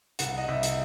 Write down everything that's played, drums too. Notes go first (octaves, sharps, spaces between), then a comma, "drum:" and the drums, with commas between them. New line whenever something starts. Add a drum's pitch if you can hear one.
C2 F#5, drum: hi-hat
D#5
C2 E5
drum: hi-hat